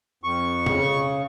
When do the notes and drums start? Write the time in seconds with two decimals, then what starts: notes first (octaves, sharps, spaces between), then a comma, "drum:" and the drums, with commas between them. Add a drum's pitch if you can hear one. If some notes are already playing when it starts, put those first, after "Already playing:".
0.23 F2 C#6
0.66 C#3, drum: tom B2